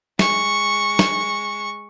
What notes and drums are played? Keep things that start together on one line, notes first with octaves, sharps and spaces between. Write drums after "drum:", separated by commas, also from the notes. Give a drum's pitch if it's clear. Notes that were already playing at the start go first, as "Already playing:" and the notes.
G#3 C#6, drum: snare
drum: snare